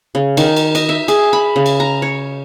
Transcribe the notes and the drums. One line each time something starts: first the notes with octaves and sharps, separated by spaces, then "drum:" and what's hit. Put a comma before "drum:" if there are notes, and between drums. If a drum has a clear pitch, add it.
C#3
D#3, drum: cymbal
drum: cymbal
D#5, drum: cymbal
E5
G#4, drum: cymbal
B5
C#3
drum: cymbal
A#5
C#5